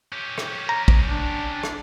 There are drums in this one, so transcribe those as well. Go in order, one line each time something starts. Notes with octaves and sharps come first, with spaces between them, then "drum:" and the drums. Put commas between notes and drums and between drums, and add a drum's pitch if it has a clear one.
C#4 G4
drum: rim click
A#5
drum: kick
D4
drum: rim click